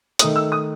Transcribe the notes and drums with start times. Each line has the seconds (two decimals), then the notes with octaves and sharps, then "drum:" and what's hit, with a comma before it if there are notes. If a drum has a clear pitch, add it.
0.19 D#3 A3 D#4 D#6, drum: hi-hat
0.36 E6
0.52 D#6